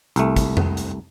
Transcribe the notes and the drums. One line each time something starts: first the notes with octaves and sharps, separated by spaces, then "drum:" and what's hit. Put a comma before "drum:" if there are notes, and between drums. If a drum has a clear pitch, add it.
C2 A3, drum: hi-hat
drum: kick, hi-hat
drum: tom F2
drum: hi-hat